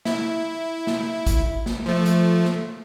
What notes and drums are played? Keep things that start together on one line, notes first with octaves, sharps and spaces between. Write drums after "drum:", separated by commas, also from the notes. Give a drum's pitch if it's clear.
E4, drum: snare
drum: snare
drum: kick, hi-hat
drum: snare
F3 A3
drum: hi-hat
drum: snare